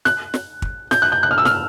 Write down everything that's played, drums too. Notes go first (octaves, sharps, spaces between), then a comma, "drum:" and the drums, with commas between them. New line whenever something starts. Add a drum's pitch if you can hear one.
F#6, drum: snare
drum: snare
drum: kick
G6, drum: snare
F#6
G6
F#6
F6
E6
F6, drum: snare